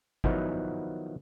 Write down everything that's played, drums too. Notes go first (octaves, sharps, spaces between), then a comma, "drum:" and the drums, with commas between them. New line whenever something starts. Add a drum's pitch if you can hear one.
D#3 F3 F#3 B3 D#4 E4, drum: kick